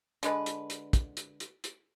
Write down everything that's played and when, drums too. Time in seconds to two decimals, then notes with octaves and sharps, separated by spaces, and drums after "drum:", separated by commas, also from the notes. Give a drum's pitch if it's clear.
0.23 D3 G#3 B4, drum: hi-hat
0.46 drum: hi-hat
0.70 drum: hi-hat
0.93 drum: kick, hi-hat
1.17 drum: hi-hat
1.40 drum: hi-hat
1.64 drum: hi-hat